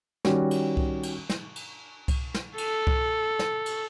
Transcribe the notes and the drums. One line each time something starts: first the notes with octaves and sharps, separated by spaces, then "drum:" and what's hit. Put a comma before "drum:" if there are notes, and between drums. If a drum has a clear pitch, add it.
D#3 G3 C#4 F#4, drum: snare
drum: cymbal
drum: kick C2
drum: cymbal
drum: snare
drum: cymbal
drum: kick C2, cymbal
drum: snare
A4, drum: cymbal
drum: kick C2
drum: snare
drum: cymbal